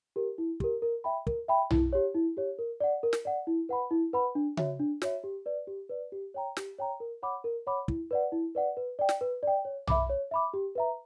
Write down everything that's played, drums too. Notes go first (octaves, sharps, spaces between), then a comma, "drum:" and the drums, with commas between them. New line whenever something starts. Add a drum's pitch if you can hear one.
G4 A#4
E4
G4 A#4, drum: kick
A#4
E5 G5 B5
A#4, drum: kick
E5 G5 B5
E4, drum: tom B1
G4 C#5
E4
G4 C#5
A#4
D5 F#5
A#4
drum: snare
D5 F#5
E4
B4 F#5 B5
E4
B4 F#5 B5
D4
F#4 C#5 E5, drum: tom C#3
D4
F#4 C#5 E5, drum: snare
G4
B4 D5
G4
B4 D5
G4
C#5 G5 A#5
G4, drum: snare
C#5 G5 A#5
A#4
C#5 F#5 B5 D6
A#4
C#5 F#5 B5 D6
E4, drum: kick
B4 D5 F#5
E4
B4 D5 F#5
B4
D5 G5
drum: snare
B4
D5 G5
C#5
E5 B5 D6, drum: tom B1
C#5
E5 B5 D6
G4
B4 E5 A#5